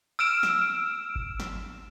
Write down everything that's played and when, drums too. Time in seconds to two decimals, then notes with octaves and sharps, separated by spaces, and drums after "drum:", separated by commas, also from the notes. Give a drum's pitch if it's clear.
0.19 E6 F6 D7 E7
0.43 drum: snare
1.15 drum: kick G1
1.40 drum: snare